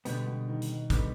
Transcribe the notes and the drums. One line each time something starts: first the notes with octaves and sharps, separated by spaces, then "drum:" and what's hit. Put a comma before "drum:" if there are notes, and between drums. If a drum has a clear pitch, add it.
B2 D3 G3 B3, drum: hi-hat
B2
D#3
drum: hi-hat
D3 G3 B3, drum: kick, hi-hat